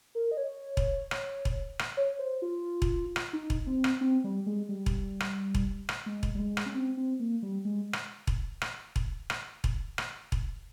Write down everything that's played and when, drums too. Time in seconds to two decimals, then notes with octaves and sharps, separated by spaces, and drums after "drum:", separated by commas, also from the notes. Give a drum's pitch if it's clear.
0.15 A#4
0.31 D#5
0.37 C#5
0.77 drum: kick E1
1.11 drum: rim click
1.45 drum: kick E1
1.79 drum: rim click
1.97 C#5
2.19 C5
2.42 F4
2.82 drum: kick E1
3.16 drum: rim click
3.33 D#4
3.50 drum: kick E1
3.67 C4
3.84 drum: rim click
4.01 C4
4.24 G3
4.46 G#3
4.69 G3
4.86 drum: kick E1
5.20 drum: rim click
5.55 drum: kick E1
5.89 drum: rim click
6.06 G#3
6.23 drum: kick E1
6.35 G3
6.39 G#3
6.57 drum: rim click
6.66 C#4
6.74 C4
6.97 C4
7.20 A#3
7.43 G3
7.65 G#3
7.93 drum: rim click
8.27 drum: kick E1
8.61 drum: rim click
8.96 drum: kick E1
9.30 drum: rim click
9.64 drum: kick E1
9.98 drum: rim click
10.32 drum: kick E1